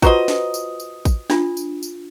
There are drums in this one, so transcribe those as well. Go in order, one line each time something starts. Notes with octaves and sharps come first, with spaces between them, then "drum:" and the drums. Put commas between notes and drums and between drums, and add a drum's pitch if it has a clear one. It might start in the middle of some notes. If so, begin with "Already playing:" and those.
F4 F#4 B4 C5 D#5 A#5, drum: kick A1, tambourine
drum: snare
drum: tambourine
drum: tambourine
drum: kick A1, tambourine
D4 F4, drum: snare
drum: tambourine
drum: tambourine